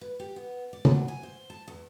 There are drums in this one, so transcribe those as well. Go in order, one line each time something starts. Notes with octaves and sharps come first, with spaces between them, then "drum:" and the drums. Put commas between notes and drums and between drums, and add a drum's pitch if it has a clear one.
B4
G4
B3
D5
F#3, drum: tom
G#5
C5
A5
E2